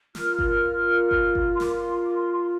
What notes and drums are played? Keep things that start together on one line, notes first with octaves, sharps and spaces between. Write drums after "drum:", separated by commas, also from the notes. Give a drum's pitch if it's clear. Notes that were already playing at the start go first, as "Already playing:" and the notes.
F4 A#4 F6, drum: snare
drum: kick G1
drum: kick G1
drum: kick G1
C6
D6, drum: snare
C6
D6
C6
C6